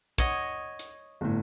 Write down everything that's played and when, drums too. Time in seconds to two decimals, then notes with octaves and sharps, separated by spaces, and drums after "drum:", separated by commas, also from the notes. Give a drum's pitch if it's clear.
0.18 C#5 D#5 F#5, drum: kick, hi-hat
0.79 drum: hi-hat
1.21 G1 A2